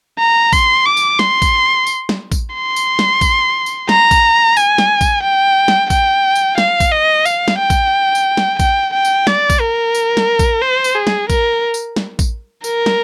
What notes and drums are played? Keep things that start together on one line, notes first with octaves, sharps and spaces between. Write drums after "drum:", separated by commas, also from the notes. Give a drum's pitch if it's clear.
A#5
C6, drum: kick A1, tambourine
D6
drum: tambourine
C6, drum: snare
drum: kick A1, tambourine
drum: tambourine
drum: snare
drum: kick A1, tambourine
C6
drum: tambourine
drum: snare
drum: kick A1, tambourine
drum: tambourine
A#5, drum: snare
drum: kick A1, tambourine
G#5, drum: tambourine
drum: snare
drum: kick A1, tambourine
G5
drum: snare
G5, drum: kick A1, tambourine
drum: tambourine
F5, drum: snare
drum: kick A1, tambourine
D#5
F5, drum: tambourine
drum: snare
G5
drum: kick A1, tambourine
drum: tambourine
drum: snare
G5, drum: kick A1, tambourine
G5
drum: tambourine
D5, drum: snare
drum: kick A1, tambourine
A#4
drum: tambourine
drum: snare
drum: kick A1, tambourine
C5
drum: tambourine
G#4
drum: snare
A#4, drum: kick A1, tambourine
drum: tambourine
drum: snare
drum: kick A1, tambourine
A#4, drum: tambourine
drum: snare